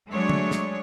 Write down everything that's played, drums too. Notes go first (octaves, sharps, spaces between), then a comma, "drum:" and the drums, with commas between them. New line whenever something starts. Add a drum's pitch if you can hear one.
F#3 G#3 A3 D4 C#5
drum: tom D3
drum: snare